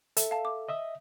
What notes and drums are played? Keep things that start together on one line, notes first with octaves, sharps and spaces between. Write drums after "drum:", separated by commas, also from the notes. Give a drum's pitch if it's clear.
A4 E5, drum: hi-hat
F5 A5
D6
D#5 E5 D#6